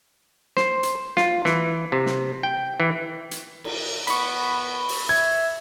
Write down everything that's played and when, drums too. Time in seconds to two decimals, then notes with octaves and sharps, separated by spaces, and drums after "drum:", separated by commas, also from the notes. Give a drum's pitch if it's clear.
0.57 C5, drum: snare
0.83 drum: hi-hat
1.17 F4, drum: snare
1.45 E3, drum: snare
1.92 C3
2.06 drum: snare
2.43 G5
2.80 E3
3.31 drum: hi-hat
3.64 drum: cymbal
4.07 B3 B5 C#6, drum: hi-hat
4.89 drum: open hi-hat
5.09 E5 G#6